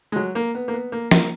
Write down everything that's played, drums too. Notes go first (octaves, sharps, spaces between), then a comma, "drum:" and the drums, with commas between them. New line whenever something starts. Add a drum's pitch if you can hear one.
G#3
F#3
A#3
B3
A#3
B3
A#3
A#3, drum: snare